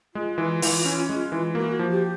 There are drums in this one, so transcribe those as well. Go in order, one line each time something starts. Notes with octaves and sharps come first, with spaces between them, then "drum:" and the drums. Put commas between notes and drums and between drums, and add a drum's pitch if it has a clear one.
G#3 F4
E3
E3, drum: open hi-hat
C#4
G#3
E3
A#3 F#4
F3
G4